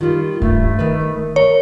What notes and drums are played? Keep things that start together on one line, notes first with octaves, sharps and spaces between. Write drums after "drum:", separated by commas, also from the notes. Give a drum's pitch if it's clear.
D#3 G3 F4
G2 A3, drum: kick D1
D#3 A#4 B4
A#4 C#5